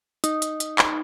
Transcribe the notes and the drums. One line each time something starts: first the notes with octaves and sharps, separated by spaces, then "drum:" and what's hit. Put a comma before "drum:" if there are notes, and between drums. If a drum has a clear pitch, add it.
D#4, drum: hi-hat
drum: hi-hat
drum: hi-hat
drum: clap